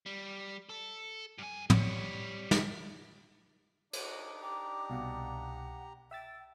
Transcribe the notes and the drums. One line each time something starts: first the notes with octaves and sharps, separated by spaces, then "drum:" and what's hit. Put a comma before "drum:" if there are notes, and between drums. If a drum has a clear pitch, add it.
G3
A4
G2 G#5
G3 C#5, drum: tom
drum: snare
D4 D#4 F#4 D5, drum: cymbal
G4 A#5 D6
C2 B2 F5 F#5
E5 G5 E6 A6